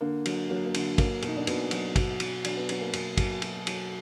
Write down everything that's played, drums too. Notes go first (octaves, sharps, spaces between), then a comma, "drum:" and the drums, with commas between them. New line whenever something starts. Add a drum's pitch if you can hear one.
D3 A#3
F#3, drum: cymbal
F#3 A#3
A#3
D3, drum: cymbal
F#3 A#3, drum: kick, cymbal
B2 D#4, drum: cymbal
D4
B2 B3, drum: cymbal
F#3, drum: cymbal
B2, drum: kick, cymbal
F#3, drum: cymbal
F#3 D4, drum: cymbal
B3
F#3 B3, drum: cymbal
A#3
B2, drum: cymbal
F#3, drum: kick, cymbal
F#3, drum: cymbal
F#3, drum: cymbal